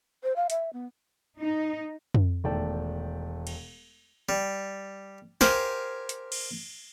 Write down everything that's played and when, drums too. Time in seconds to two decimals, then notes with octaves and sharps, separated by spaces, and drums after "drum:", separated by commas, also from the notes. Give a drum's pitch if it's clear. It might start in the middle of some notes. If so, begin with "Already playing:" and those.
0.23 C5
0.36 F5
0.50 E5, drum: hi-hat
0.73 B3
1.38 D#4
2.14 drum: tom F2
2.44 E1 D#3 A3 D5 G5 A5
3.47 drum: cymbal
4.29 G3
5.41 G4 A#4 C5 F5 G#5, drum: snare
6.09 drum: hi-hat
6.32 drum: cymbal